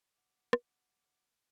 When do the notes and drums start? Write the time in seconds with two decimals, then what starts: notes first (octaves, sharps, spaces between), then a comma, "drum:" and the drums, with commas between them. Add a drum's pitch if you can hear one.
0.16 F#5 D6
0.53 drum: rim click